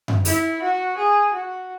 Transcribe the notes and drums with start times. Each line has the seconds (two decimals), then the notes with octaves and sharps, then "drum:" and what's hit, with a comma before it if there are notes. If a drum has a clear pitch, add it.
0.08 drum: tom F#2
0.25 E4, drum: open hi-hat
0.62 F#4
0.97 G#4
1.34 F#4